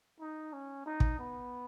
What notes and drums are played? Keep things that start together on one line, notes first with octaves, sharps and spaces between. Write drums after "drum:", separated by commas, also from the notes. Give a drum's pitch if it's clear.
D#4
C#4
D#4
drum: kick
B3